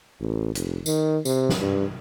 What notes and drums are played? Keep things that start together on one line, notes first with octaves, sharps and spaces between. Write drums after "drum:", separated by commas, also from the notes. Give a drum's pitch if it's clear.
A1
F1, drum: hi-hat
D#3, drum: tambourine
C3, drum: tambourine
drum: snare
G2